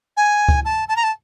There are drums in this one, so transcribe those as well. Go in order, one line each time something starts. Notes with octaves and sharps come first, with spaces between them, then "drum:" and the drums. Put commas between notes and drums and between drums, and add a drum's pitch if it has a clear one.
G#5
drum: kick C#2
A5
A5
A#5
A5